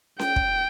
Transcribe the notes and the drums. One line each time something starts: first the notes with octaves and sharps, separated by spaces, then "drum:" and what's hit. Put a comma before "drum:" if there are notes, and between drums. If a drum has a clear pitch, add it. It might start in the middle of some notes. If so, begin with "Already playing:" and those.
G5, drum: snare C#4
drum: kick